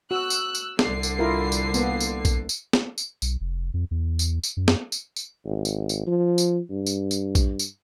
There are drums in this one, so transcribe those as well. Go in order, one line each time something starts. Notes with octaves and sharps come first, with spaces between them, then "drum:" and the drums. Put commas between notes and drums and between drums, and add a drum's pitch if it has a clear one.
F#4 E6 F#6
drum: tambourine
drum: tambourine
C2 D3 C7, drum: snare
drum: tambourine
E4 F4 A#4
drum: tambourine
A#3 B3, drum: tambourine
drum: tambourine
drum: kick A#1, tambourine
drum: tambourine
drum: snare
drum: tambourine
B1, drum: tambourine
F1
F2
E2
drum: tambourine
drum: tambourine
F#2
drum: snare
drum: tambourine
drum: tambourine
G#1
drum: tambourine
drum: tambourine
F3
drum: tambourine
G2
drum: tambourine
drum: tambourine
drum: kick A#1, tambourine
drum: tambourine